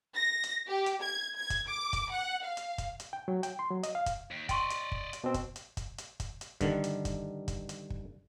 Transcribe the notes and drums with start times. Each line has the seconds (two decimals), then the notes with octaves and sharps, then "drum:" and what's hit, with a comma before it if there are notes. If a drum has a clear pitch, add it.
0.16 A#6
0.44 drum: hi-hat
0.68 G4
0.86 drum: hi-hat
1.03 G#6
1.36 G#6
1.50 drum: kick, hi-hat
1.68 D6
1.93 drum: kick, hi-hat
2.10 F#5
2.44 F5
2.57 drum: hi-hat
2.78 drum: kick, hi-hat
3.00 drum: hi-hat
3.13 G5
3.28 F#3
3.43 G5, drum: hi-hat
3.59 C6
3.71 F#3
3.83 D#5, drum: hi-hat
3.95 F5
4.06 drum: kick, hi-hat
4.31 D#2
4.49 D5 D#5 G5 C6 C#6, drum: kick, hi-hat
4.70 drum: hi-hat
4.92 drum: kick
5.13 drum: hi-hat
5.24 B2 C4
5.34 drum: kick, hi-hat
5.56 drum: hi-hat
5.77 drum: kick, hi-hat
5.98 drum: hi-hat
6.20 drum: kick, hi-hat
6.41 drum: hi-hat
6.61 G2 D3 D#3, drum: kick, hi-hat
6.84 drum: hi-hat
7.05 drum: kick, hi-hat
7.48 drum: kick, hi-hat
7.69 drum: hi-hat
7.90 drum: kick